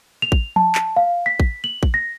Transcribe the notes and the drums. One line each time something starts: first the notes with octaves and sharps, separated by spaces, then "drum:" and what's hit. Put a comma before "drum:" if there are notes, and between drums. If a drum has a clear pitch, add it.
F7
drum: kick
A5, drum: tom F3
drum: clap
F5
B6
drum: kick
F#7
drum: kick
A#6